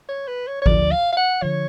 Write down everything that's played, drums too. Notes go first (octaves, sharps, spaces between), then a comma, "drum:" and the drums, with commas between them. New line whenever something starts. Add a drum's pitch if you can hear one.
C#5
B4
C#5
C#5
D2 D3 F3 D5, drum: kick G#1
F5
F5
F#5
D3 F3 C#5